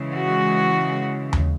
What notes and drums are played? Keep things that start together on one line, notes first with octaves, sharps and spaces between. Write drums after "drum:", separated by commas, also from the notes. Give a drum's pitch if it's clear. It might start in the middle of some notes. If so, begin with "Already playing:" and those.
Already playing: C#3 E3 G#3
F#4
drum: tom D#2